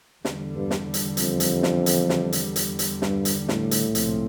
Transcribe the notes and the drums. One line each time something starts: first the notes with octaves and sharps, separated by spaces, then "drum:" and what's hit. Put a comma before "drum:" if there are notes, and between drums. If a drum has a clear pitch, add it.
E2 D3 G3, drum: snare
G2
drum: snare
drum: hi-hat
F2, drum: hi-hat
drum: hi-hat
drum: snare
drum: hi-hat
drum: snare
drum: hi-hat
drum: hi-hat
drum: hi-hat
G2, drum: snare
drum: hi-hat
A2, drum: snare
drum: hi-hat
C2 A#2 F3 C4, drum: hi-hat